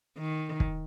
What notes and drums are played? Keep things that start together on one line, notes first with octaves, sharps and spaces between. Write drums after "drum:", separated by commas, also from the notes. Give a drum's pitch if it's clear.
D#3
drum: kick